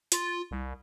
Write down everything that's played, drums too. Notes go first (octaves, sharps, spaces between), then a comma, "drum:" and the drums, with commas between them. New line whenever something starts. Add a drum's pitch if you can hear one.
F4, drum: hi-hat
C2